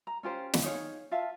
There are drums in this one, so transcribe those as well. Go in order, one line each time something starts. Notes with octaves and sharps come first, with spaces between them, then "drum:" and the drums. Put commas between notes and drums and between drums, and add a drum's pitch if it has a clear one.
A#5
C#4 F4 G4 C5
drum: snare
D#4 G#4 C#5 F5
F4 E5 F5 A5